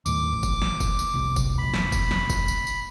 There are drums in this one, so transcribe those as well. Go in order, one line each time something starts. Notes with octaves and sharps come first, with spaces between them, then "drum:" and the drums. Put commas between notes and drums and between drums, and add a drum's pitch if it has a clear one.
D#2 A2 D6, drum: tambourine
A1
drum: kick, tambourine
drum: snare
drum: kick, tambourine
drum: tambourine
F1 C2 C3
drum: kick, tambourine
F1 B1 B5
drum: snare
drum: kick, tambourine
drum: snare
drum: kick, tambourine
drum: tambourine
drum: tambourine